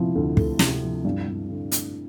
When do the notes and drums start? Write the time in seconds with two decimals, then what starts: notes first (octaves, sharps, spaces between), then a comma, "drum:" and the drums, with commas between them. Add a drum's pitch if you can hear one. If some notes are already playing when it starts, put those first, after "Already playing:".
Already playing: C3 F3 C4 E4
0.15 D2
0.37 A3, drum: kick
0.59 C3, drum: snare
0.83 F3
1.05 G2
1.28 G2
1.49 D3
1.72 A3, drum: hi-hat